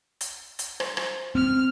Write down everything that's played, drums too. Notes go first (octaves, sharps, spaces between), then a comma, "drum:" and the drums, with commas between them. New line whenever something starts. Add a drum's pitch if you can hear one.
drum: hi-hat
drum: hi-hat
C5, drum: rim click
drum: rim click
C4 F6